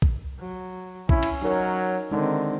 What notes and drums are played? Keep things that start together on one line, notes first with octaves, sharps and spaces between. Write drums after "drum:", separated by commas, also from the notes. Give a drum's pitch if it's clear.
drum: kick A#1
F#3
C#4 E4, drum: kick A#1
drum: cymbal
F#3 D#4 A#4 C#5
D3 D#3 G#3 C4 D#4